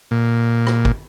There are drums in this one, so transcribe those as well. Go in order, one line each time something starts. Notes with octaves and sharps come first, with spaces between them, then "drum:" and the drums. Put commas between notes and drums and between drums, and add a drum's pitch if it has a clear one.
A#2
drum: rim click
drum: kick